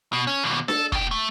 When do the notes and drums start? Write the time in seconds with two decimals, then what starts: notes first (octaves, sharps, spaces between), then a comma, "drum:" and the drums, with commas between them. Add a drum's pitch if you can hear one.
0.13 B2
0.27 C#4
0.44 D#2 B2
0.68 A4, drum: snare D4
0.92 B2 G5, drum: kick
1.11 A3